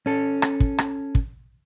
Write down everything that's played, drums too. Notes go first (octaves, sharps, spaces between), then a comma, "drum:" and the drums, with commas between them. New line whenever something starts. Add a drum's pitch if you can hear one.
C#4 A4
drum: rim click
drum: kick
drum: rim click
drum: kick